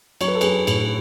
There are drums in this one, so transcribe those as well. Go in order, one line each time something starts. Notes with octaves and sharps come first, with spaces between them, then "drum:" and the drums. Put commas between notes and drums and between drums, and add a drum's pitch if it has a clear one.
F#3 C#5, drum: cymbal
B4
A4
F#3 G#4 B4, drum: cymbal
A2, drum: cymbal